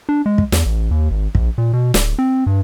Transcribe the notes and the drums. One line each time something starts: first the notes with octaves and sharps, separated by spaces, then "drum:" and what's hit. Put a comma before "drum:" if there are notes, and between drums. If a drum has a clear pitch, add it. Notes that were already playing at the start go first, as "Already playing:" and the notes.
D4
G#3
drum: kick
E2, drum: snare
A1
D#2
G#1
A#1, drum: kick
A#2
B2
D1, drum: snare
C4
G2